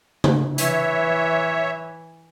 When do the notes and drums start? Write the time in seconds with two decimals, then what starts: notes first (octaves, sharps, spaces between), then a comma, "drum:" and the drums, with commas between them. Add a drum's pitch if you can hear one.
0.24 drum: tom C#3
0.58 E3 C#5 E5, drum: hi-hat